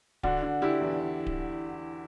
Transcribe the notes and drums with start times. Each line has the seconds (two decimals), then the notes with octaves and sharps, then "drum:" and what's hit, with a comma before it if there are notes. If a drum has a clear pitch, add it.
0.23 D3 D4 F#4, drum: kick D1
0.43 D3
0.62 D3 E4 G4
0.81 E2
1.00 D3
1.26 drum: kick D1